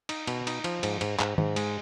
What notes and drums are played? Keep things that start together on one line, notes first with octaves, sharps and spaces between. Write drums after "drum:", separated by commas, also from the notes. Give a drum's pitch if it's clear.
D#4, drum: cymbal
B2, drum: cymbal
D#4, drum: cymbal
F3, drum: cymbal
G#2, drum: cymbal
G#2, drum: cymbal
G#2, drum: clap
G#2, drum: tom D#3
G#3, drum: cymbal